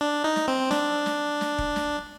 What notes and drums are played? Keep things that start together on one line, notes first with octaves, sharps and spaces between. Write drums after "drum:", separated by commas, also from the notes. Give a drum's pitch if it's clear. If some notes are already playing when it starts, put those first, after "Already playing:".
D4
D#4
drum: snare
C4
D4, drum: snare
drum: snare
drum: snare
drum: kick D#1
drum: snare